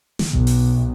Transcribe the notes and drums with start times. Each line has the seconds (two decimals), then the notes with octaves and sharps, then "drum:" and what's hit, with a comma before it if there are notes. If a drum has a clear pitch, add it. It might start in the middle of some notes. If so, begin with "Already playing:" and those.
0.19 drum: snare
0.33 B1, drum: kick E1
0.47 drum: open hi-hat